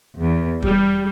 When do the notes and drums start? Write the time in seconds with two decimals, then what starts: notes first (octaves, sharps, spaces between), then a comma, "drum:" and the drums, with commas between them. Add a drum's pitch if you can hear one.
0.21 E2
0.62 G3, drum: kick